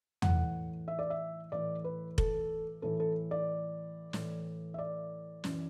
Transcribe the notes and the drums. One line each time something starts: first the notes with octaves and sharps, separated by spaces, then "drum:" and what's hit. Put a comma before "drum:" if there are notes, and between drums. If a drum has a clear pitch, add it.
A2 E3 F#5, drum: tom E2
E5
D5
E5
A2 E3 D5
B4
A4, drum: kick F1
A2 E3 A4
A4
D5
A2 E3, drum: snare
E5
D5
F#2 E3, drum: snare